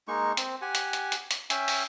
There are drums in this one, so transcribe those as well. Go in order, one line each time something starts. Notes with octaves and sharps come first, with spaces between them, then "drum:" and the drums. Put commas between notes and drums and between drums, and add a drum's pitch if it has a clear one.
G#3 A#3 D#4 C#6
C4, drum: hi-hat
G4 F#5 G#5
drum: hi-hat
drum: hi-hat
drum: hi-hat
drum: hi-hat
C#4 E5 G5 G#5, drum: hi-hat
drum: open hi-hat